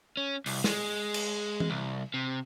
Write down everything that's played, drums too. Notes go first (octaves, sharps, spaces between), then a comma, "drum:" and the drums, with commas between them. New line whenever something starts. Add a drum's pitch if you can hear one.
C#4
C2, drum: open hi-hat
G#3, drum: snare
drum: cymbal
drum: tom E3
C2
C3